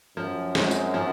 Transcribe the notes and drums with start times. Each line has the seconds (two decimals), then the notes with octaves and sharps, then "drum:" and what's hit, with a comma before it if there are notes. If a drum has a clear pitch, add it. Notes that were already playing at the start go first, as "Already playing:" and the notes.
0.17 F#2 F3
0.55 G#3 C4 D#4, drum: snare
0.71 drum: tambourine
0.94 F3